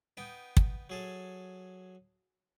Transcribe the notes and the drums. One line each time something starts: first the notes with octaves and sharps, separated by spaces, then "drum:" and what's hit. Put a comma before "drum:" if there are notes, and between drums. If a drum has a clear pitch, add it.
B3 D#4 G5
drum: kick
F#3 G#4 A4